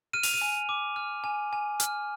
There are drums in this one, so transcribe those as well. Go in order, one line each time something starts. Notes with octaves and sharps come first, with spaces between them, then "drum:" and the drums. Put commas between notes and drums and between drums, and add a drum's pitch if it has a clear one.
F6 D#7
F7, drum: open hi-hat
D#7
G#5
D6
F6
G#5
G#5
F6, drum: hi-hat